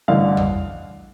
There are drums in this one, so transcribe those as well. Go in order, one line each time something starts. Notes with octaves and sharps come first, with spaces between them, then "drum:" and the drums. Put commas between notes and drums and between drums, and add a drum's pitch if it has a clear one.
A1 G2 D3 F5
drum: tom